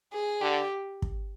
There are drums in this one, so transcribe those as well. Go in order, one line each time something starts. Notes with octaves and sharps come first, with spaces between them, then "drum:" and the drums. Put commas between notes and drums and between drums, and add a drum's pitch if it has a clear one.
G#4
D3 G4
drum: kick